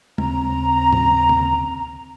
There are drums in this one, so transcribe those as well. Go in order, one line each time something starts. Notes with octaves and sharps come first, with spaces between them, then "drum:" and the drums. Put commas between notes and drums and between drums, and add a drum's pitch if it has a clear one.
D#2 C#3 C4 A#5, drum: tom
drum: tom
drum: tom